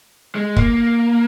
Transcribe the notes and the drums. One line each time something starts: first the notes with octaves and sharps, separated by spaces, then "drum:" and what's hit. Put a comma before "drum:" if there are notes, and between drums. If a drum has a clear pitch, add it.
G#3
A#3, drum: kick